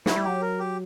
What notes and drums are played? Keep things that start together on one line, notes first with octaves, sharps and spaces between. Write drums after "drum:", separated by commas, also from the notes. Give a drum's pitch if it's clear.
F#3 E4, drum: snare
G3
F#3 G4
A#4
G4